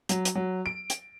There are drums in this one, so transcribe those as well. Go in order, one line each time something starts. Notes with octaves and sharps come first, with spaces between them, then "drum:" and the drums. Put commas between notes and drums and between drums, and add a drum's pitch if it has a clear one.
F#3, drum: hi-hat
drum: hi-hat
F#3
D7
drum: hi-hat